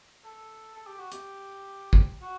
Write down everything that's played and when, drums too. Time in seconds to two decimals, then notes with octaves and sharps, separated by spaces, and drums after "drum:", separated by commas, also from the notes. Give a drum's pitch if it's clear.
0.25 A4
0.74 A4
0.86 G4
0.99 F#4
1.12 G4, drum: hi-hat
1.93 drum: kick
2.22 F#4